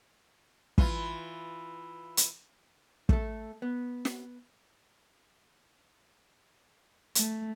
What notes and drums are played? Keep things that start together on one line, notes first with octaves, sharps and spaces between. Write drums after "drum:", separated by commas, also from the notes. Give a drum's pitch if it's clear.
E3 F4, drum: kick
drum: hi-hat
A3 A4, drum: kick
B3
drum: snare
A3, drum: hi-hat